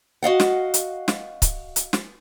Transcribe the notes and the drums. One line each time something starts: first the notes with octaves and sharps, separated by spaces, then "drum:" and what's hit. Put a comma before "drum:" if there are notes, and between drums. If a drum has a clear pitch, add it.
F#4 D#5 F5 F#5
drum: snare
drum: hi-hat
drum: snare
drum: kick C#1, hi-hat
drum: hi-hat
drum: snare